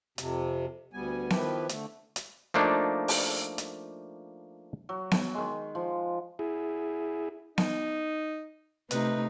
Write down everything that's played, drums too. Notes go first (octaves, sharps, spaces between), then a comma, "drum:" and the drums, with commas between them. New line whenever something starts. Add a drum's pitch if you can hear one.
F2 C3, drum: hi-hat
D2 G3 B3 G#5
D#3 F3 E4 G4 B4, drum: snare B3
D3 A3, drum: hi-hat
drum: hi-hat
F3 A3 A#3 D4 D#4
drum: open hi-hat
drum: hi-hat
F#3
drum: snare B3
D#3 G#3
F3
E4 G#4
D#4, drum: snare B3
C3 A3 D#4 B4, drum: hi-hat